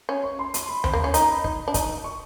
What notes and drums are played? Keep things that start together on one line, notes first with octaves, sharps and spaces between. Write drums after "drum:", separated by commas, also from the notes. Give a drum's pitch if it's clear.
C#4
C#6
C6
C6, drum: hi-hat
B5
C4, drum: tom D#2
A#3
C#4
D#4 A#5, drum: hi-hat
B5
D#4, drum: kick
D4
D#4, drum: kick, hi-hat
C#6